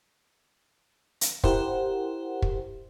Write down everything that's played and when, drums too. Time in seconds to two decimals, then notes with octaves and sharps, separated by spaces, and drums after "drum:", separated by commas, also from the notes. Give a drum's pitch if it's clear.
1.21 drum: hi-hat
1.44 E4 G4 A#4 C5 F#5, drum: kick
2.42 drum: kick